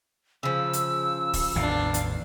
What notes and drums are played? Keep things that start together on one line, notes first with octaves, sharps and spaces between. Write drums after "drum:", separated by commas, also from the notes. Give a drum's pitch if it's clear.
C#3 F3 E6
drum: hi-hat
drum: kick, open hi-hat
A1 E2 D#3 D4 F5
drum: hi-hat